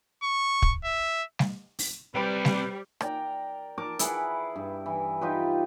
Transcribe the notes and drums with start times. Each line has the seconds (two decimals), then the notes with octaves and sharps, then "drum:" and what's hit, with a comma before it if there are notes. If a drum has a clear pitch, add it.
0.23 C#6
0.62 drum: kick
0.84 E5
1.39 drum: snare G3
1.79 drum: open hi-hat
2.15 C3 G3 G4 B4 C5 D5 B5
2.45 drum: snare G3
3.01 A#4 D5 G5 A#5, drum: rim click
3.78 A#4 A5 D6
3.99 E4 G#4 B4 F#5, drum: hi-hat
4.56 G2
4.86 E3
5.21 D#4 F4 G4 B4